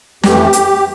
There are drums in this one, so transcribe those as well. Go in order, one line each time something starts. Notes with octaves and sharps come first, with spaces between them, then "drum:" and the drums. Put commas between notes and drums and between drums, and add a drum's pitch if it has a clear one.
F2 E3 A3 G4, drum: snare
drum: hi-hat